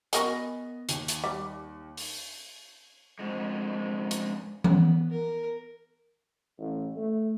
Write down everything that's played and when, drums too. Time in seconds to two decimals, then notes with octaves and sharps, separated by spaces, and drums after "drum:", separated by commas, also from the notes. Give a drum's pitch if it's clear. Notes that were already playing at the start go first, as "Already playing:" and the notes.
0.13 B3 F#4 A#4 D#5 G#5 B5, drum: hi-hat
0.89 D#2, drum: hi-hat
1.08 drum: hi-hat
1.24 G3
1.97 drum: open hi-hat
3.19 F2 G#2 G#3
4.11 drum: hi-hat
4.64 B3, drum: tom E3
5.10 A#4
6.59 A1
6.96 A3